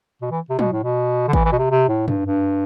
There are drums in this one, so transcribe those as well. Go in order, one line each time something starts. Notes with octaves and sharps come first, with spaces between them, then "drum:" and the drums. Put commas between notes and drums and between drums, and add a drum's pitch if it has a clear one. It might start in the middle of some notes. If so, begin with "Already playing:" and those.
B2
E3
C3
B2, drum: tom
A2
B2
D3
E3, drum: kick G#1
E3
B2
C3
C3
A2
G2, drum: tom
G2